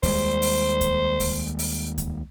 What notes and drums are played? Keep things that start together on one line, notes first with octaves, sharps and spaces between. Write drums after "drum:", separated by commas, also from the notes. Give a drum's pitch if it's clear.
D#2 G3 G#3 C5, drum: kick C#2, open hi-hat
drum: open hi-hat
drum: kick C#2, hi-hat
drum: kick C#2, open hi-hat
drum: open hi-hat
drum: kick C#2, hi-hat